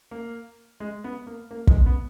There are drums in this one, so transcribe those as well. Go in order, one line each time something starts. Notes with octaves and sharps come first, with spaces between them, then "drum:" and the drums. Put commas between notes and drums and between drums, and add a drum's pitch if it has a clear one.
A#3
G#3
B3
A#3
A#3
G#3, drum: kick
B3